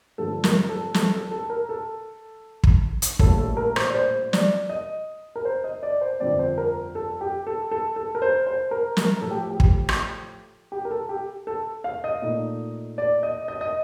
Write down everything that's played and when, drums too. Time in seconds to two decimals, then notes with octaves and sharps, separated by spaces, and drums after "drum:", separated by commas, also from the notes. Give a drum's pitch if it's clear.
0.18 G2 D3 F3 A3 A4
0.44 A#4, drum: snare
0.69 A4
0.94 A4, drum: snare
1.13 A4
1.31 A4
1.50 A#4
1.69 A4
2.64 drum: kick
3.02 drum: hi-hat
3.19 A#1 A2 G3 A4, drum: kick
3.38 A4
3.57 A#4
3.76 C5, drum: rim click
3.90 D5
3.95 C5
4.33 D5, drum: snare
4.69 D#5
5.36 A#4
5.45 C5
5.64 D#5
5.83 D5
6.01 C5
6.20 G1 F2 D3 F3 C4 D5
6.39 C5
6.58 A#4
6.95 A4
7.21 G4
7.47 A4
7.71 A4
7.96 A4
8.15 A#4
8.22 C5
8.47 C5
8.71 A#4
8.97 A#4, drum: snare
9.21 A2 F3 A3 A4
9.31 G4
9.50 G4
9.60 drum: kick
9.89 drum: rim click
10.72 G4
10.85 A#4
10.91 A4
11.09 G4
11.47 A4
11.84 F5
12.04 D#5
12.22 A#2 A3 D#4
12.98 D5
13.23 D#5
13.48 D#5
13.61 D#5